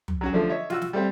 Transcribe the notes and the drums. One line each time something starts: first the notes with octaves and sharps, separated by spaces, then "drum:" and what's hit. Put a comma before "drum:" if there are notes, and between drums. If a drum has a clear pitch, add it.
drum: tom
F#3 C#4 F#4
D3 F3 A3
C#5 D#5 E5
F4 F#4 E6, drum: snare
drum: snare
G3 A3 C4 G4